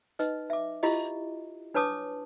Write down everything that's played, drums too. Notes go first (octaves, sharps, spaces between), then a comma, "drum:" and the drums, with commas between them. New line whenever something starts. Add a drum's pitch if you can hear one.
D#4 B4 D#5, drum: hi-hat
E5 D6
E4 F4 G4 D#5, drum: open hi-hat
D4 B4 C#5 A5 D6 D#6